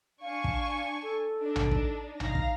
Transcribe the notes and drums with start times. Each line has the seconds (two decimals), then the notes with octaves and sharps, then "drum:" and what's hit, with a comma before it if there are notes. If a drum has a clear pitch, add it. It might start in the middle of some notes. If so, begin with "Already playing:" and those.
0.22 D4 F5 G#5 C#6
0.44 drum: kick
1.03 A4
1.40 D4 D#4
1.56 drum: tom A#1
1.71 drum: kick
2.20 D#4 F5 A#6, drum: tom A#1
2.35 drum: kick